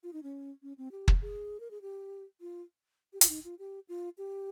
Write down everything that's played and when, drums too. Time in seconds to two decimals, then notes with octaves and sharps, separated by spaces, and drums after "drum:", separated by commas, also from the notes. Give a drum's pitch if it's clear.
0.03 F4
0.13 D#4
0.23 C#4
0.63 C#4
0.78 C4
0.92 G4
1.08 drum: kick
1.21 G#4
1.60 A#4
1.71 G#4
1.82 G4
2.41 F4
3.13 G4
3.21 F4, drum: hi-hat
3.29 D#4
3.44 F4
3.59 G4
3.88 F4
4.18 G4